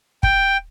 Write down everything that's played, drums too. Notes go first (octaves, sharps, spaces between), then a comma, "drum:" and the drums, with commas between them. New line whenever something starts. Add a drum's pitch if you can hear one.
G5, drum: kick